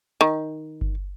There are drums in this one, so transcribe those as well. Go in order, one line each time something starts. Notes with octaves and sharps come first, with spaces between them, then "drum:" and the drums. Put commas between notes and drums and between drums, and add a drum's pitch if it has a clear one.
D#3
drum: kick G1